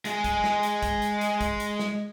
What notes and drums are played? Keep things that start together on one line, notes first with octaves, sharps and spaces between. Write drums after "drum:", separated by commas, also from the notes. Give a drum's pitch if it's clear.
G#3 G#4, drum: hi-hat
drum: kick, hi-hat
drum: snare
drum: hi-hat
drum: kick, hi-hat
drum: hi-hat
drum: hi-hat
drum: kick, hi-hat
drum: hi-hat
drum: snare